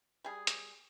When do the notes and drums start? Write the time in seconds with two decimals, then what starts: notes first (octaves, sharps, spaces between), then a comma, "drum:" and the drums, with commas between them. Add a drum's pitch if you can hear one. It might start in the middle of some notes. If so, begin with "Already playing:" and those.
0.24 G3 G#4
0.47 drum: hi-hat